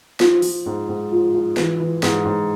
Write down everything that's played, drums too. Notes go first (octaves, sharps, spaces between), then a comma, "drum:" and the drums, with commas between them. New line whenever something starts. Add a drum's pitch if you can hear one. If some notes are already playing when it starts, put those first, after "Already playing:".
F3, drum: snare
F3, drum: open hi-hat
G#2
G#2
F3
F3
E3, drum: snare
E3
G#2, drum: snare
G#2